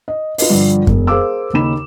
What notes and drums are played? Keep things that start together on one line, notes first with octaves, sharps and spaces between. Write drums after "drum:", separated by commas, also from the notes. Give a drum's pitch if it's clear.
D#5
F4 B4 D#5, drum: open hi-hat
G2 D3 F3 G3
E1, drum: kick F#2
G#4 A#4 C5 F5 D6 E6
D#2 C#3 D#4 B5 E7